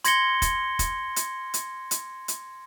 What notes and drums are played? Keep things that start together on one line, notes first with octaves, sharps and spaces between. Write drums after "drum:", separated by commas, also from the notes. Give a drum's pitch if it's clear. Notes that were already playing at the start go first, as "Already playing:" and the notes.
C6 G#6 A#6 C#7 G7, drum: hi-hat
drum: kick, hi-hat
drum: kick, hi-hat
drum: hi-hat
drum: hi-hat
drum: hi-hat
drum: hi-hat